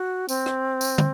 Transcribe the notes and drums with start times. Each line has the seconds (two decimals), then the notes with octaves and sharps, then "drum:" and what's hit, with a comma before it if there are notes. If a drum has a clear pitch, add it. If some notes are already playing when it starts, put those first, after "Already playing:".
Already playing: F#4
0.29 C4, drum: tambourine
0.46 drum: rim click
0.81 drum: tambourine
0.98 drum: tom